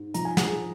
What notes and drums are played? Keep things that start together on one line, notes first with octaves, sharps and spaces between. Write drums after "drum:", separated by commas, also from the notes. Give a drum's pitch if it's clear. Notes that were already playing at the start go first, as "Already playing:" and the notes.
Already playing: G#2
F3 A#5, drum: hi-hat
G#5
F#5, drum: snare
G#4 G#5